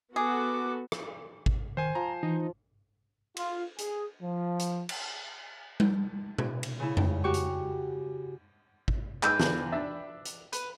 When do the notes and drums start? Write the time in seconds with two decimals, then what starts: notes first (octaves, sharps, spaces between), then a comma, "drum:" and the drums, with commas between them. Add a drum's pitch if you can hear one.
0.16 B3 F#4 G#4 A4 D6
0.92 drum: rim click
1.46 drum: kick
1.77 D#3 C5 G#5
1.95 F3 A#5
2.23 E3 D#4
3.37 F4, drum: cymbal
3.78 G#4, drum: hi-hat
4.22 F3
4.59 drum: hi-hat
4.89 drum: cymbal
5.80 drum: tom G3
6.38 drum: tom B2
6.63 drum: cymbal
6.80 C#3 E4
6.97 drum: tom F2
7.24 F#4 G4 C#6
7.34 drum: hi-hat
8.88 drum: kick
9.23 G#2 B4 G5 E6, drum: clap
9.40 E2 D3, drum: snare
9.72 D4 D5 E5
10.25 drum: hi-hat
10.53 B4, drum: hi-hat